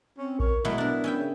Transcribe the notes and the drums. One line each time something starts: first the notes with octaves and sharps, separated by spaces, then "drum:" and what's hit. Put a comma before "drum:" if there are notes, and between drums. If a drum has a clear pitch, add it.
C4 C#4
A#4 C#5, drum: kick A#1
B2 F#3 G#3 A3 E4
B3 D4 A#4
C#4 E5 G5
C#3